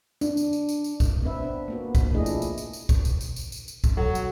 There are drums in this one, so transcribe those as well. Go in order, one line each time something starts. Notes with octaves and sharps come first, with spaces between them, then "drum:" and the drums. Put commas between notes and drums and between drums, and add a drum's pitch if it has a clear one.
D4, drum: tambourine
drum: tambourine
drum: tambourine
drum: tambourine
drum: tambourine
drum: kick, tambourine
B3 C4 D4 B4 E5
C4 D4
A#3 B3 F#4
drum: kick, tambourine
F3 A3 D4 E4 G#4 D#5
drum: tambourine
drum: tambourine
drum: tambourine
drum: tambourine
drum: kick, tambourine
drum: tambourine
drum: tambourine
drum: tambourine
drum: tambourine
drum: tambourine
drum: kick, tambourine
F#3 A4 F#5
drum: tambourine